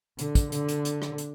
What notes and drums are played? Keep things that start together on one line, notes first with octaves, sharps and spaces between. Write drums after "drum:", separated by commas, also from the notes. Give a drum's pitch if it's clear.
D3, drum: hi-hat
drum: kick, hi-hat
D3, drum: hi-hat
drum: hi-hat
drum: hi-hat
drum: rim click
drum: hi-hat